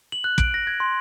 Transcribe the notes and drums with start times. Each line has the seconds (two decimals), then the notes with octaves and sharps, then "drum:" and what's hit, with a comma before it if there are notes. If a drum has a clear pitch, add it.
0.12 F#7
0.24 F#6
0.38 D7, drum: kick
0.54 A#6
0.67 G#6
0.80 C6